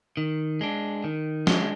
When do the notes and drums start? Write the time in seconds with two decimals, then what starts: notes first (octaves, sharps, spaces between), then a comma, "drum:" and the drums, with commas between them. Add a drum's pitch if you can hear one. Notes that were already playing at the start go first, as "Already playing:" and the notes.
0.17 D#3
0.61 G#3 D4
1.04 D#3
1.47 G#3 D4, drum: snare